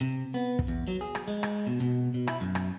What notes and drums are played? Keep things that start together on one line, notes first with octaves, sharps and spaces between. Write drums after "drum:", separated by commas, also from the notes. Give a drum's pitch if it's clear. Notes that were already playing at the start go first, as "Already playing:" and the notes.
C3
B3
drum: kick
E2
F#3
G#4
drum: rim click
G#3
drum: rim click
B2
B2
B2
E4, drum: rim click
F#2
drum: rim click